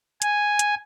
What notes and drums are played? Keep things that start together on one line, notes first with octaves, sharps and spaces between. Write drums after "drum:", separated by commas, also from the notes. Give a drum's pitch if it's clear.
G#5, drum: hi-hat
drum: hi-hat